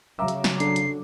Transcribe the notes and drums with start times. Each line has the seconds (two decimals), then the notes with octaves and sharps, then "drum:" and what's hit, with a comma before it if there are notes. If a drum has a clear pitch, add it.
0.19 C#3 F#3 E5 F5 A#5 D6 E6
0.28 drum: hi-hat
0.44 drum: snare
0.60 D4 A4 C7, drum: hi-hat
0.76 drum: hi-hat